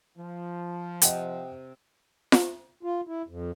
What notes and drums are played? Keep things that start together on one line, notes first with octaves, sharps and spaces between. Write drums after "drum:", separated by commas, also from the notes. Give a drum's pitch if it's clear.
F3
C3 D#5 F#5 G5, drum: hi-hat
drum: snare F4
F4
E4
F2